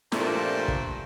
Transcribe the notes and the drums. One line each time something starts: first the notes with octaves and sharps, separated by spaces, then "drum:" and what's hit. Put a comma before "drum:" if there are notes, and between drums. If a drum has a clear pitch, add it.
G2 A#2 F3 A3 D4, drum: snare
drum: kick